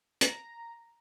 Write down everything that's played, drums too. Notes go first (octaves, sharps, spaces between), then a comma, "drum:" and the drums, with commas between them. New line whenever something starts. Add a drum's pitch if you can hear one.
A#5, drum: hi-hat